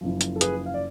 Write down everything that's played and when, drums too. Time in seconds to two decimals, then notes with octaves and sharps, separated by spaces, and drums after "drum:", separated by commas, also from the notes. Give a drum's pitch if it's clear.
0.01 F#1 F#2 F3
0.21 drum: hi-hat
0.36 A4
0.41 G#4 B4, drum: hi-hat
0.66 F5
0.74 D5